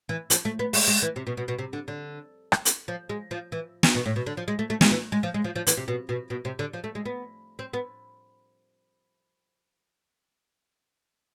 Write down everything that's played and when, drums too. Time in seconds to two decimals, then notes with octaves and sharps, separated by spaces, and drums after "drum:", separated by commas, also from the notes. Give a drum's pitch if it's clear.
0.09 E3
0.30 F3, drum: hi-hat
0.45 A3
0.59 B3
0.73 G#3, drum: open hi-hat
0.87 G#3
1.02 E3
1.16 C3
1.27 B2
1.37 B2
1.48 B2
1.59 C3
1.73 D3
1.88 D3
2.52 drum: rim click
2.65 drum: hi-hat
2.88 F3
3.09 G#3
3.31 F3
3.52 E3
3.83 drum: snare
3.95 B2
4.06 A2
4.16 B2
4.26 D3
4.37 F3
4.48 G#3
4.59 A3
4.70 A3
4.81 G#3, drum: snare
4.91 E3
5.12 G#3
5.23 F3
5.34 G#3
5.44 F3
5.56 F3
5.67 E3, drum: hi-hat
5.77 C3
5.88 B2
6.09 B2
6.30 B2
6.45 C3
6.59 D3
6.73 F3
6.84 A3
6.95 G#3
7.05 B3
7.59 C4
7.73 B3